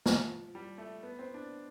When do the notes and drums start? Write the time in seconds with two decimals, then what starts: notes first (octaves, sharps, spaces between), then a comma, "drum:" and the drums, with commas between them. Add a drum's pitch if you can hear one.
0.06 F3, drum: snare
0.55 G3
0.78 A3
1.03 B3
1.19 C4
1.34 D4